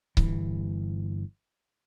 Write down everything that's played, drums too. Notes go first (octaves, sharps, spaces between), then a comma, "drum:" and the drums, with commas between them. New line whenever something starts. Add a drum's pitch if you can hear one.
G1 E3, drum: kick C#1